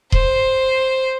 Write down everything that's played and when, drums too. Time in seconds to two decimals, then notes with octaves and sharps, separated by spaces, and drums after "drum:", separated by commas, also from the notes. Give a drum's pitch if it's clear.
0.12 C5, drum: kick D#1